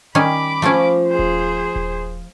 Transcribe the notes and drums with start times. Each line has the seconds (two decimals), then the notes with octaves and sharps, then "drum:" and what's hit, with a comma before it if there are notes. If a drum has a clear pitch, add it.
0.15 D#3 G3 C#4 B5 D6
0.62 F3 A3 C#4 F4
1.08 G#4 C5
1.19 drum: kick D#1
1.76 drum: kick D#1